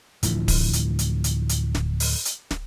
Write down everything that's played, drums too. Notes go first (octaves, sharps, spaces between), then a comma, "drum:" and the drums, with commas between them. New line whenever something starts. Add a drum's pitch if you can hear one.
D1 D2 E3 F3, drum: hi-hat
drum: kick D1, open hi-hat
drum: hi-hat
drum: hi-hat
drum: hi-hat
drum: hi-hat
drum: snare
drum: open hi-hat
drum: hi-hat
drum: snare